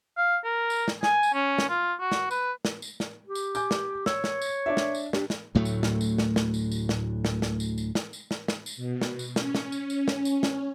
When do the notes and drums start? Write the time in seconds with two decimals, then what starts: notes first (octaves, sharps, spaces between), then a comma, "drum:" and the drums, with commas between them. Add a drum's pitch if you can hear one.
0.17 F5
0.44 A#4
0.70 drum: tambourine
0.88 drum: snare
1.03 G#5, drum: snare
1.23 drum: tambourine
1.34 C#4
1.58 drum: snare
1.69 F4
2.00 F#4
2.12 drum: snare
2.31 B4, drum: tambourine
2.65 drum: snare
2.82 drum: tambourine
3.00 drum: snare
3.26 G4
3.35 drum: tambourine
3.55 G#5 D6 G6, drum: tambourine
3.71 drum: snare
4.06 C#5 E6, drum: snare
4.24 drum: snare
4.42 drum: tambourine
4.66 D4 D5 E5
4.77 drum: snare
4.95 drum: tambourine
5.13 D4 G4, drum: snare
5.30 drum: snare
5.55 D2 A2 F#3 A3
5.65 drum: tambourine
5.83 drum: snare
6.01 drum: tambourine
6.18 drum: snare
6.36 drum: snare
6.54 drum: tambourine
6.72 drum: tambourine
6.89 drum: snare
7.25 drum: snare
7.42 drum: snare
7.60 drum: tambourine
7.78 drum: tambourine
7.95 drum: snare
8.13 drum: tambourine
8.31 drum: snare
8.48 drum: snare
8.66 drum: tambourine
8.77 B2
9.01 drum: snare
9.19 drum: tambourine
9.36 C#4, drum: snare
9.55 drum: snare
9.72 drum: tambourine
9.90 drum: tambourine
10.08 drum: snare
10.25 drum: tambourine
10.43 drum: snare